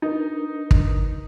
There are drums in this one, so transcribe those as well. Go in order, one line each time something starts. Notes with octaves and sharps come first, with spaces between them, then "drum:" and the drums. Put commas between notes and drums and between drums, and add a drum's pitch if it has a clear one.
D4 D#4 A#4 B4
drum: kick